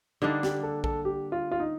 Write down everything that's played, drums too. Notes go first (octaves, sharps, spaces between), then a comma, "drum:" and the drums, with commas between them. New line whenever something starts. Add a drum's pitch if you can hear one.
D3 G3 A#3 D4 D#4
G4, drum: snare
A4
A4, drum: kick
G4
F4
F4
D#4